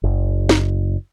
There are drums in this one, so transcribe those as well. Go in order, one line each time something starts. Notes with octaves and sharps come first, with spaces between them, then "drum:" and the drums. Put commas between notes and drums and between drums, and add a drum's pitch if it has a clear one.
F#1
drum: snare